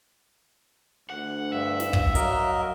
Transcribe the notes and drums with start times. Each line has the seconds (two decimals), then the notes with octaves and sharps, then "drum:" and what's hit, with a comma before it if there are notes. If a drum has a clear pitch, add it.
1.10 D2 F#5
1.53 G2 E5 F5
1.80 drum: snare
1.93 drum: kick
2.15 F#3 A#4 D#5, drum: hi-hat